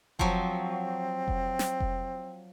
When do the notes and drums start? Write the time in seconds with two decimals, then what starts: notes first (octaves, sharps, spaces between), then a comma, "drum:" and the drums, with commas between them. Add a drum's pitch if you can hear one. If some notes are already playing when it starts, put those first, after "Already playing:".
0.19 F3 F#3 C4, drum: kick F1
1.28 drum: kick F1
1.59 drum: snare
1.80 drum: kick F1